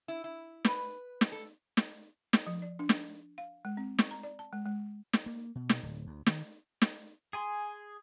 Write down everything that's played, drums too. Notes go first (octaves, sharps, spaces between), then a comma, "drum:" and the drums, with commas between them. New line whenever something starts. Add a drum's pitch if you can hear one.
E4
E4
B4, drum: snare
drum: snare
A4
drum: snare
drum: snare
F3
D5
D4
drum: snare
F5
G#3
C4
C#6, drum: snare
A#5
D5
A5
G#3
G#3
drum: snare
A#3
B2
drum: snare
D1
D2
D#3, drum: snare
drum: snare
G#4 G#5 C6